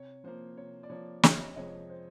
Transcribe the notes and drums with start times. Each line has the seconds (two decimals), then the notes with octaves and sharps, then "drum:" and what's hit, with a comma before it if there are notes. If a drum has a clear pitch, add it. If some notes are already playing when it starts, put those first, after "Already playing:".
Already playing: C3 C#5
0.24 F3 A#3 C5
0.57 C3 C#5
0.83 D5
0.90 F3 A#3 C#5
1.23 F2 C#5 D#5, drum: snare
1.56 C3 F3 G#3 C4 C#5 D#5
1.89 C5